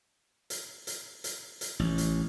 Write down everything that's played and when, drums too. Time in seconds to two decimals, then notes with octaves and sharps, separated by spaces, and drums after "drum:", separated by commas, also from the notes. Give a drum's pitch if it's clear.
0.50 drum: hi-hat
0.87 drum: hi-hat
1.24 drum: hi-hat
1.61 drum: hi-hat
1.79 A1
1.98 drum: hi-hat